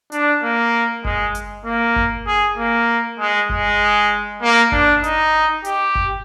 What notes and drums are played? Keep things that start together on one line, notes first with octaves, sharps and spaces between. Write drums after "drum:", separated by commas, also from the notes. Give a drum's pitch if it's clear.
D4, drum: hi-hat
A#3
G#3, drum: kick G1
drum: hi-hat
A#3
drum: kick G1
G#4
A#3
G#3
G#3, drum: kick G1
A#3
D4, drum: kick G1
D#4, drum: hi-hat
G4, drum: hi-hat
drum: kick G1